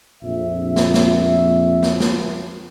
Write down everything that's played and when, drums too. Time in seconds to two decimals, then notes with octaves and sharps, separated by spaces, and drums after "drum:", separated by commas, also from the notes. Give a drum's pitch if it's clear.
0.23 A#1 F2 E5
0.76 drum: snare
0.94 drum: snare
1.83 drum: snare
2.00 drum: snare